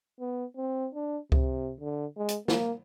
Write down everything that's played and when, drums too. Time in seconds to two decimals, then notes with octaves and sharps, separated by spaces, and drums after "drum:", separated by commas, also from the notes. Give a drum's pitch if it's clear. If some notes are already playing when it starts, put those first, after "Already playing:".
0.20 B3
0.57 C4
0.95 D4
1.32 C3, drum: kick C#2
1.81 D3
2.17 G#3
2.29 drum: hi-hat
2.48 A#3, drum: snare